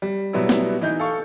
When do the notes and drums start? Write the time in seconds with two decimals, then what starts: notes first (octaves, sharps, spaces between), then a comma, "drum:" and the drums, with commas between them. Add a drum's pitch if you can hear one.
0.02 G3
0.33 B2 F#3 G3 B3 E4
0.49 drum: snare
0.81 E3 D#4 G6
0.99 A4 F5 C#6